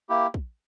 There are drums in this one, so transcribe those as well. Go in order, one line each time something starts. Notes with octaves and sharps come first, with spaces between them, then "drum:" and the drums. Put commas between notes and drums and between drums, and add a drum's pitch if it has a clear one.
A#3 E4 G4
drum: kick